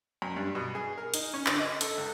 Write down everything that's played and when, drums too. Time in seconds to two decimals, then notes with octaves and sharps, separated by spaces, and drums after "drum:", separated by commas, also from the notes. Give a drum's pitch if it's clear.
0.22 F#2
0.37 G2
0.55 B2
0.75 G#4
0.98 A#4
1.14 D#4, drum: hi-hat
1.34 C#4
1.46 D3, drum: clap
1.59 D#5
1.81 A4, drum: hi-hat
1.98 C#2